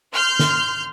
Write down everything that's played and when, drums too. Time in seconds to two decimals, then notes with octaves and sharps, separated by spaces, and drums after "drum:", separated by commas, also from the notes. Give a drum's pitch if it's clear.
0.13 C6 F6 G6
0.39 drum: snare